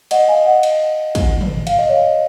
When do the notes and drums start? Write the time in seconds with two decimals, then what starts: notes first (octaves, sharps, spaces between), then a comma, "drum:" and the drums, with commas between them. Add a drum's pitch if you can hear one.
0.11 D#5 F#5, drum: cymbal
0.28 F5 G#5
0.45 D#5 F#5
0.63 drum: cymbal
1.15 drum: kick, cymbal
1.41 drum: tom
1.67 F5, drum: cymbal
1.79 D#5
1.89 C#5 F5